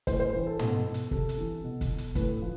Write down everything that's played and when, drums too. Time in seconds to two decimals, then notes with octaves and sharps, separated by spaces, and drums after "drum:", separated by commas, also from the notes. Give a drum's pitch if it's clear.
0.07 A2 C5, drum: kick, hi-hat
0.20 C5
0.34 E3 C5
0.47 A4
0.59 B2, drum: tom
0.94 drum: hi-hat
1.11 C3 A4, drum: kick
1.29 drum: hi-hat
1.38 E3
1.64 B2
1.81 drum: kick, hi-hat
1.98 drum: hi-hat
2.15 A2 B4, drum: kick, hi-hat
2.42 F3